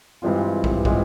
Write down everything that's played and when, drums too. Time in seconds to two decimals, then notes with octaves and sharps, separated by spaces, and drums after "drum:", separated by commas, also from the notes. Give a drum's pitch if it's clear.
0.22 G2 E3 G#3 C4 F4
0.64 drum: kick
0.85 E3 G#3 C4 F4, drum: kick